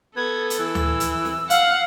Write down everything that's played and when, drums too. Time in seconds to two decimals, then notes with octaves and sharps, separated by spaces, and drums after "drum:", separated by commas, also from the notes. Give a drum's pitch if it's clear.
0.16 B3 A4 G#6
0.50 drum: hi-hat
0.59 E3 E6
0.75 drum: tom D2
1.00 drum: hi-hat
1.25 drum: snare
1.50 F5 F#5, drum: hi-hat